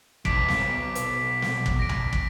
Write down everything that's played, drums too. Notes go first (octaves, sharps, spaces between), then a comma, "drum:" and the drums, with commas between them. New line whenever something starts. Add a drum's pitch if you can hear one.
B1 D6 B6 D7, drum: kick
drum: snare
drum: hi-hat
drum: snare
drum: kick
A#6 D7
drum: tom B1
drum: kick